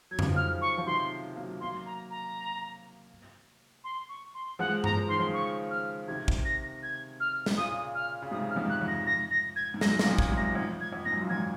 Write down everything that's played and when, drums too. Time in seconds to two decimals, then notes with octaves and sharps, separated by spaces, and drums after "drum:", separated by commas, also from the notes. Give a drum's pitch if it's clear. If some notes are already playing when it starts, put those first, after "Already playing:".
0.11 F#3 G#6
0.19 F3, drum: tom F2
0.26 D#3
0.33 C#3 F3 F6
0.62 C#6
0.78 F3
0.86 C3 D#3 C6
1.36 F#3 A#3
1.61 F#3 A#3 C6
1.86 A#5
2.11 A#5
3.84 C6
4.09 C#6
4.34 C6
4.59 F3 G#3 F#5
4.84 A#5, drum: tom G2
4.97 F3
5.08 D#3 C6
5.20 C#3 F3
5.34 C#6
5.71 F6
6.08 C3 D#3 G#6
6.28 drum: kick
6.45 A#6
6.83 G#6
7.20 F6
7.46 C3, drum: snare
7.57 A#2 C#3 D#6
7.95 F6
8.22 C#3
8.31 G#2 C3 D#6
8.50 F6
8.56 F2 G#2
8.69 F#6
8.81 F2
8.88 A#6
9.06 A#6
9.31 A#6
9.56 G#6
9.74 G#2
9.81 F#2 A#6, drum: snare
9.99 A#2 A#6, drum: snare
10.06 F2 G#2
10.18 G#6, drum: kick
10.30 G#2 C3
10.37 A#6
10.55 F2 G#2 G#6
10.81 G#6
10.93 F2
11.05 G#2 A#6
11.12 F#2
11.22 A#2
11.30 F2 G#2 G#6